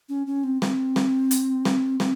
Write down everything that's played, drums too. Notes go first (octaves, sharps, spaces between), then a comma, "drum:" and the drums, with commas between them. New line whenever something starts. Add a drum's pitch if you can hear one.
C#4
C#4
C4
C4, drum: snare
drum: snare
drum: hi-hat
drum: snare
C4, drum: snare